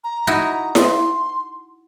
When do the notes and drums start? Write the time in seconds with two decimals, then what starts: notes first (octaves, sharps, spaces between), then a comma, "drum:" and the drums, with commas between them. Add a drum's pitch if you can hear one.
0.04 A#5
0.27 D#4 E4 F#4
0.75 C6, drum: snare E4